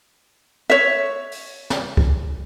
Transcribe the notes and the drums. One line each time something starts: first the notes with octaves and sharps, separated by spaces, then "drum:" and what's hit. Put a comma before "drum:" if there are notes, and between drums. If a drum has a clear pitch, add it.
C#5 E5
drum: open hi-hat
drum: snare
drum: kick C2